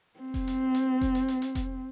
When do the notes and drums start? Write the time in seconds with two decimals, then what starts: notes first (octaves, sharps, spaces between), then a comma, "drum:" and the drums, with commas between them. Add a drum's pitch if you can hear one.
0.20 C4
0.34 drum: kick F1, open hi-hat
0.47 drum: hi-hat
0.74 drum: hi-hat
1.01 drum: kick F1, hi-hat
1.15 drum: hi-hat
1.28 drum: hi-hat
1.42 drum: hi-hat
1.55 drum: kick F1, hi-hat